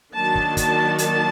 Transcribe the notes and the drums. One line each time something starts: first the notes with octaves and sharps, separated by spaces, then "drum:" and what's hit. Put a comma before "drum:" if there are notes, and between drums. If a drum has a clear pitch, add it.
D#3 F#3 A#3 D4 A5
drum: kick
A5, drum: kick, hi-hat
A5, drum: hi-hat